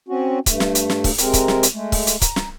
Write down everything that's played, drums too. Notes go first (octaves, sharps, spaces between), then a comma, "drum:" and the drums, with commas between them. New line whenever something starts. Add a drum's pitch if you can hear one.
C4 C#4 F#4
G2 A3, drum: kick, hi-hat
drum: snare
drum: hi-hat
drum: snare
drum: kick, open hi-hat
C3 G#3 C4 A#4, drum: hi-hat
drum: kick, hi-hat
drum: snare
drum: hi-hat
G#3 A3
drum: kick, open hi-hat
drum: hi-hat
A#5, drum: kick, hi-hat
drum: snare